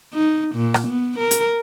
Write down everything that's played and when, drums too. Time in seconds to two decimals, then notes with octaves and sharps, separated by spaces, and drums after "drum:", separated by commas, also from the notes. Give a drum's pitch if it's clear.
0.14 D#4
0.55 A#2
0.74 drum: rim click
0.87 B3
1.18 A#4
1.31 drum: hi-hat